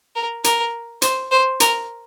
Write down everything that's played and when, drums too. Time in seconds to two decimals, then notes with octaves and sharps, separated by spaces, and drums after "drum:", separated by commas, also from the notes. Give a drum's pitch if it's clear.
0.16 A#4
0.44 A#4, drum: hi-hat
1.02 C5, drum: hi-hat
1.31 C5
1.60 A#4, drum: hi-hat